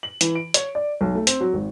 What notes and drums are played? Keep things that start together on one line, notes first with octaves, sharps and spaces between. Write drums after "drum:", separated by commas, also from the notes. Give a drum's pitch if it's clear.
F#7
E3, drum: hi-hat
D7
C#5, drum: hi-hat
D5
B1
A3
C4, drum: hi-hat
F#3
G#1